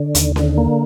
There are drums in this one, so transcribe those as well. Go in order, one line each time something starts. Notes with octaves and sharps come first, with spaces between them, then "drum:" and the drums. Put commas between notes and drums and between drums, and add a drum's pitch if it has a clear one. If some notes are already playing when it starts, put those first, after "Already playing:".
Already playing: D3
D#2, drum: hi-hat
D3, drum: snare C#4
A#3